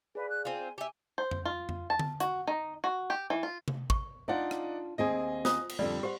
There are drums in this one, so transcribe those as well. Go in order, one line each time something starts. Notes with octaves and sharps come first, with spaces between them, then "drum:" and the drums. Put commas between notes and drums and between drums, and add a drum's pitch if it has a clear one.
G#4 B4 D5 F5
F#6
C4 F4 G#5
G4 E5 G#5
C5
drum: tom F2
F4
drum: tom F2
A5
drum: tom D3
F#4, drum: hi-hat
D#4
F#4
G4
E3
F4
drum: tom C3
C#6, drum: kick
D4 D#4 F4 D5 F#5
drum: rim click
D#2 C4 G#4 D#5 G#5
F4 C5 D#6, drum: snare
drum: cymbal
F2 D3 G3 D5
G4 C5 F#5